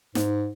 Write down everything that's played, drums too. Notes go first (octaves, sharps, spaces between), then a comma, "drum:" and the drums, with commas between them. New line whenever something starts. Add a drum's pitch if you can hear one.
G#2, drum: snare